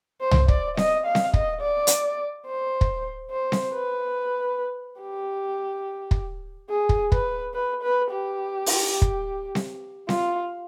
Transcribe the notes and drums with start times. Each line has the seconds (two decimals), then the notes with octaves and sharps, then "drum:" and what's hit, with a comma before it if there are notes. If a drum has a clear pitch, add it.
0.21 C5
0.31 drum: tom C2
0.48 D5, drum: kick
0.77 D#5, drum: snare C4
1.06 F5
1.15 drum: snare C4
1.34 D#5, drum: kick
1.61 D5
1.87 drum: hi-hat
2.47 C5
2.81 drum: kick
3.30 C5
3.52 drum: snare C4
3.73 B4
5.00 G4
6.11 drum: kick
6.69 G#4
6.89 drum: kick
7.12 B4, drum: kick
7.54 B4
7.82 B4
8.10 G4
8.66 drum: open hi-hat
9.02 drum: kick
9.55 drum: snare C4
10.09 F4, drum: snare C4